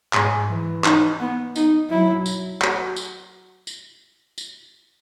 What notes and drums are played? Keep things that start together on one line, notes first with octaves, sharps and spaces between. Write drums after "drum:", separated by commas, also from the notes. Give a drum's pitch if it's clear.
G#2 G#4, drum: clap
E3
D#4, drum: clap
B3
D#4, drum: tambourine
F#3 E4
drum: tambourine
F#4, drum: clap
drum: tambourine
drum: tambourine
drum: tambourine